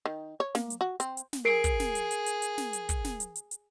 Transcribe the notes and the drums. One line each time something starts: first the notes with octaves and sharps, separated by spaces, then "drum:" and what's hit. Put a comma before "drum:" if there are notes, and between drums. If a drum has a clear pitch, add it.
D#3
C#5
A#3, drum: snare
drum: hi-hat
F#4
C4, drum: hi-hat
drum: hi-hat
drum: snare
G#4 A#4 C7 D7
drum: kick, hi-hat
drum: snare
drum: hi-hat
drum: hi-hat
drum: hi-hat
drum: hi-hat
drum: snare
drum: hi-hat
drum: kick, hi-hat
drum: snare
drum: hi-hat
drum: hi-hat
drum: hi-hat